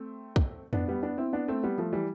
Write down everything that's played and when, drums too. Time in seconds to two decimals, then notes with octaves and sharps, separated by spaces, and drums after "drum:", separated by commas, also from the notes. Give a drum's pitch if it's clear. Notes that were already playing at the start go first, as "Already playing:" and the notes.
Already playing: A3 C4
0.36 drum: kick
0.73 B3 D4, drum: tom F2
0.88 G3 B3
1.03 B3 D4
1.18 C4 E4
1.33 B3 D4
1.48 A3 C4
1.63 G3 B3
1.78 F3 A3
1.92 E3 G3